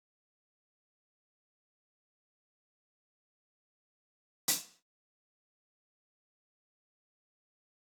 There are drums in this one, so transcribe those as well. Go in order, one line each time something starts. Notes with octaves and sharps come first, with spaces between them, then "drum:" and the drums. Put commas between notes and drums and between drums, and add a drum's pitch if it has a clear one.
G4
E4
D#5
C5
drum: hi-hat
D3 D#3 G3
G2 D3 C4 D4 A#4